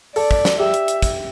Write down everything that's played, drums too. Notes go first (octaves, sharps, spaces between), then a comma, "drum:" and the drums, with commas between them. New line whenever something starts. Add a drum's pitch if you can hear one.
A4 D5, drum: open hi-hat
drum: kick
drum: snare
G4 E5
drum: hi-hat
drum: hi-hat
drum: kick, hi-hat